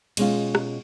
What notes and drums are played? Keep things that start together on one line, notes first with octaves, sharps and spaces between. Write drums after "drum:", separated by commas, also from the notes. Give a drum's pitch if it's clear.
B2 G#3 C#4 F4, drum: cymbal
drum: rim click